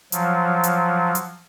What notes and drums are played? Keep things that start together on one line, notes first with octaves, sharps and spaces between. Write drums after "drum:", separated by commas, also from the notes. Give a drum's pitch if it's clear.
F3 F#3, drum: hi-hat
drum: hi-hat
drum: hi-hat